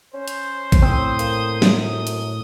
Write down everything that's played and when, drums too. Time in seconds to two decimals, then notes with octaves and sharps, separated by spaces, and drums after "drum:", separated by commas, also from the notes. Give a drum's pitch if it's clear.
0.14 C#4 C5
0.28 drum: hi-hat
0.72 drum: kick A1, hi-hat
0.82 A2 C4 D#6
1.19 A#3, drum: hi-hat
1.62 F#2, drum: snare
2.07 drum: hi-hat